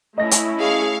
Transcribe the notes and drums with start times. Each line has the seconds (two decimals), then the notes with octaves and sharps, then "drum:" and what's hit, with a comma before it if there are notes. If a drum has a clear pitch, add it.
0.18 A3 C#4 E4 D#5 A#6
0.31 drum: hi-hat
0.60 G#4 F5 C#6